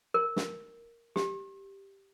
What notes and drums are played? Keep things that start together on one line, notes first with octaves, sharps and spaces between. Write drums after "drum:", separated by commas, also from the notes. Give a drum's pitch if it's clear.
A#4
drum: snare
G4, drum: snare